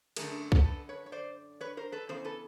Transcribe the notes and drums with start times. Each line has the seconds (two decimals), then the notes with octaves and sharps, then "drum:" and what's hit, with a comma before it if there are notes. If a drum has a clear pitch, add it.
0.16 F#2 D3 F#3 A3 G#4 A#4, drum: cymbal
0.52 drum: kick C2
0.64 A4 B4
0.89 B4 C#5
1.06 C#5
1.12 C5 D5
1.61 B4 C#5
1.77 A#4 C5
1.92 A4 B4
2.09 E2 C#3 C5
2.24 A4 B4